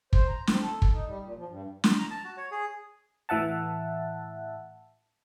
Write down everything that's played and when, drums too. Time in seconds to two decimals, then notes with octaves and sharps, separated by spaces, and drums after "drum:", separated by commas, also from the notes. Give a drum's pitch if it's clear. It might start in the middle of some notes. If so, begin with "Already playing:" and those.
0.13 C5, drum: kick
0.28 A#5
0.47 C4, drum: snare
0.60 A4
0.82 drum: kick
0.92 D#4
1.06 G3
1.21 A#2
1.36 F3
1.48 G2
1.84 drum: snare
1.99 A#5
2.11 A5
2.24 F#4
2.37 C#5
2.51 G#4
3.29 A2 E3 E5 F#5 A5